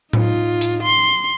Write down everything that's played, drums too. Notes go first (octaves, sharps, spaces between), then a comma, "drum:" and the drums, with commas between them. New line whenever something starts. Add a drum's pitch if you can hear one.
D#4 F4, drum: tom A2
drum: hi-hat
C6